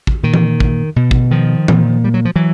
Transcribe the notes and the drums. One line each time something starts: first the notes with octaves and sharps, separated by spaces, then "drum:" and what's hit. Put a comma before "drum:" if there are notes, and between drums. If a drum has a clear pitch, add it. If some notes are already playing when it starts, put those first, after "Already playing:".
drum: kick
A#2 D#3
drum: tom E3
drum: kick
B2
drum: kick
D#3 F3
A#2, drum: tom E3
G3
F#3
F3
E3 F#3